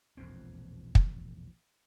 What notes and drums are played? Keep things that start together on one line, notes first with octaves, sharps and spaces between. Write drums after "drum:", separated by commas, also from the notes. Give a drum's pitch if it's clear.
E1 A#1 F2 C4
drum: kick